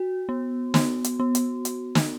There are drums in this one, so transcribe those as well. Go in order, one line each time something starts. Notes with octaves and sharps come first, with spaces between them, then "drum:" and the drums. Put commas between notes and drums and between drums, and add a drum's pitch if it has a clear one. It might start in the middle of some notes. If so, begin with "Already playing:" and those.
Already playing: F#4
B3
B3, drum: snare
drum: hi-hat
B3
drum: hi-hat
drum: hi-hat
drum: snare